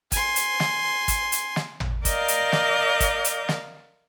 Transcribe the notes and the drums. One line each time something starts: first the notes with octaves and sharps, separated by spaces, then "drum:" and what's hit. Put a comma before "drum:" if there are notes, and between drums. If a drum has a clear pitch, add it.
G#5 C6, drum: kick, hi-hat
drum: hi-hat
drum: snare
drum: kick, hi-hat
drum: hi-hat
drum: snare
drum: tom
A#4 D5 D#5 F5 G6 A#6, drum: kick, hi-hat
drum: hi-hat
drum: snare
drum: kick, hi-hat
drum: hi-hat
drum: snare